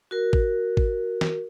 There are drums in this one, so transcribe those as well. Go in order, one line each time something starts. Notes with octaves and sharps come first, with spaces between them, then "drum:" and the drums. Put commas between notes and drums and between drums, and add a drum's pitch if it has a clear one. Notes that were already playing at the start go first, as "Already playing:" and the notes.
F#4 A#4
drum: kick G#1
drum: kick G#1
drum: snare